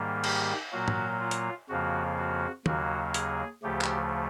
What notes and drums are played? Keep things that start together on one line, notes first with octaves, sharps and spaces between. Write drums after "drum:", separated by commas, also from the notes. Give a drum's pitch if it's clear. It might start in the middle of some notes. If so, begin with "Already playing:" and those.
Already playing: G#2 D#3 G3 A#3
G4, drum: cymbal
A#2 F#3 A#3 F#4
drum: tom
F4
drum: hi-hat
F2 C#3 F3 A#3 F#4
F#4
D#2 C#3 F#3 A#3 F#4, drum: tom
G#4, drum: hi-hat
D2 C#3 F3 A3 G4
drum: clap